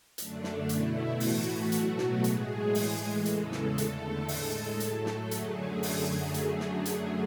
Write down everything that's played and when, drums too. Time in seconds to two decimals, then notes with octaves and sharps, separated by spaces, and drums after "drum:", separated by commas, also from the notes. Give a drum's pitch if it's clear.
0.18 F#2 D3 A3 D4, drum: hi-hat
0.44 drum: snare
0.69 B2 A3 E4, drum: hi-hat
1.20 A2 E3 A3 F#4, drum: open hi-hat
1.72 B2 F#3 A3 F#4, drum: hi-hat
1.98 drum: snare
2.24 A2 G#3 G#4, drum: hi-hat
2.75 A2 E3 G#3, drum: open hi-hat
3.25 E2 C#3 E3 G#3 A4, drum: hi-hat
3.52 drum: snare
3.78 E2 D3 A3, drum: hi-hat
4.28 A2 G#3 A4, drum: open hi-hat
4.80 A2 F#3 A3, drum: hi-hat
5.06 drum: snare
5.31 F#2 D3 F#3 A3 G#4, drum: hi-hat
5.83 drum: open hi-hat
6.34 drum: hi-hat
6.60 drum: snare
6.85 drum: hi-hat